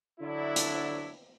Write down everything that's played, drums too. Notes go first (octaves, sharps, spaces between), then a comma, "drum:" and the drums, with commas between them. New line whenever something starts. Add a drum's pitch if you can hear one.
D3 F#3 D4 E4
drum: hi-hat